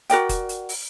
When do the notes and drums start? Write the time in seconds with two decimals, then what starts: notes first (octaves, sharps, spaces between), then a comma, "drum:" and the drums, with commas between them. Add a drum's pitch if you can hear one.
0.10 F#4 A#4 D5 G5, drum: hi-hat
0.29 drum: kick F1, hi-hat
0.49 drum: hi-hat
0.69 drum: open hi-hat